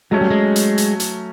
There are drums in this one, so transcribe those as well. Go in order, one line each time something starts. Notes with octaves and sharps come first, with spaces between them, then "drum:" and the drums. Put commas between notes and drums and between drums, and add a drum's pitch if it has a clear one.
F#3 G#3 A3 C#4
G3
G#3
drum: hi-hat
drum: hi-hat
drum: hi-hat